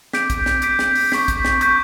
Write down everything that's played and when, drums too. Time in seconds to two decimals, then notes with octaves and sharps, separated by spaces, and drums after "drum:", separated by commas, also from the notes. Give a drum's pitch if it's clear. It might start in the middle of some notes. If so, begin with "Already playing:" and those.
0.13 D6 G6 B6 D7, drum: snare
0.30 drum: kick, hi-hat
0.46 drum: snare
0.62 D6 G6 B6 D7, drum: hi-hat
0.79 drum: snare
0.95 drum: open hi-hat
1.12 C#6 G6 B6, drum: snare
1.28 drum: kick, hi-hat
1.45 drum: snare
1.61 C#6 G6 B6, drum: hi-hat